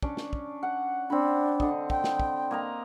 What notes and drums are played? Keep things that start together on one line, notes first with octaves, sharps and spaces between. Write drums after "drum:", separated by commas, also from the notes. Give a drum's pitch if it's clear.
C#4 D4 D5, drum: kick
drum: snare
drum: kick
F#5
C4 D4 B5
D3 D#5, drum: kick
G5, drum: kick
drum: snare
drum: kick
A#3 D#5 A#5